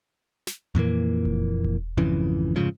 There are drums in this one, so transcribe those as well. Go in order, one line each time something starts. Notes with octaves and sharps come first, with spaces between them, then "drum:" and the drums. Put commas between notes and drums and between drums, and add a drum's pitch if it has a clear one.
drum: snare
F2 A#2 E3 A#3
drum: kick E1
drum: kick E1
G#1 F2 C#3 E3
F1 G#2 C#3 F3